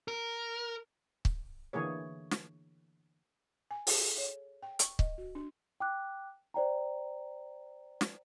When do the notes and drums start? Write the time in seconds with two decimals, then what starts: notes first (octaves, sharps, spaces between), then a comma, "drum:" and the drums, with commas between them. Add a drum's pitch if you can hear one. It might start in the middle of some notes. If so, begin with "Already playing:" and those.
0.08 A#4
1.25 drum: kick
1.73 D3 E3 A#3 G#4 C#5
2.31 drum: snare
3.71 G#5
3.87 G#4, drum: open hi-hat
3.99 A4
4.18 C#5
4.63 G5
4.79 C#6, drum: hi-hat
4.99 D#5, drum: kick
5.18 F#4
5.35 D4
5.80 G5 D6 F#6
6.54 C5 D5 G5 A#5
8.01 drum: snare